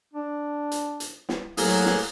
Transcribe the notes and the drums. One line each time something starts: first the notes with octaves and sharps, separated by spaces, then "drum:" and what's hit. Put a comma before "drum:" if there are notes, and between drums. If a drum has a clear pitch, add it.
D4
drum: hi-hat
drum: hi-hat
drum: snare
A2 F#3 A#3 G#4 F#6, drum: open hi-hat
drum: snare